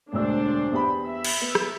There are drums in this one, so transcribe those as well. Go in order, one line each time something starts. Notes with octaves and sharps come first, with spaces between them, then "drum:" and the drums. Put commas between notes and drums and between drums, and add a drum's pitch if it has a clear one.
E1 D2 D4 C5 E6
E2 G4 B5
E5
drum: cymbal
B3
drum: rim click